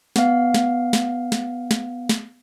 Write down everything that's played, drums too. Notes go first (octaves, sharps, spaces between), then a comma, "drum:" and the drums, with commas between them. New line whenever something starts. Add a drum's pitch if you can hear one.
B3 F5, drum: snare
drum: snare
drum: snare
drum: snare
drum: snare
drum: snare